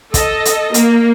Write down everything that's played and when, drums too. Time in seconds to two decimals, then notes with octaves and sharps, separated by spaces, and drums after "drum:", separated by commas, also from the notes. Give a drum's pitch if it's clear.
0.14 A4 D#5, drum: kick, hi-hat
0.45 drum: hi-hat
0.74 A#3, drum: hi-hat